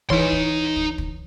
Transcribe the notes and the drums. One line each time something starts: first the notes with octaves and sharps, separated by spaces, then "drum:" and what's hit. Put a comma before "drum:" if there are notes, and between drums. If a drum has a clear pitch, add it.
E3 D#4 C#5 C6, drum: kick
drum: kick
drum: kick
drum: kick